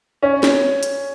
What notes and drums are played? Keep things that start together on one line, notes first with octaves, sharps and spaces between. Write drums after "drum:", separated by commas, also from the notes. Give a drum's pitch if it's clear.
C#4
drum: snare
drum: hi-hat